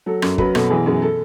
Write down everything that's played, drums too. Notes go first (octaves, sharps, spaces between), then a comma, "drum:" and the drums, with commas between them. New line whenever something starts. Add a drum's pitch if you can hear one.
F#3 A4
F#2, drum: rim click
F#3 B4, drum: kick
B2 A4, drum: rim click
E3 G#4
F#2 G#4
A4